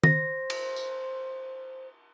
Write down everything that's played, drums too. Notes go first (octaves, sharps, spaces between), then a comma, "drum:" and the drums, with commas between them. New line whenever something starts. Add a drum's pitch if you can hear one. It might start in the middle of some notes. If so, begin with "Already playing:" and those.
C5 A#6, drum: tom
drum: cymbal
drum: tambourine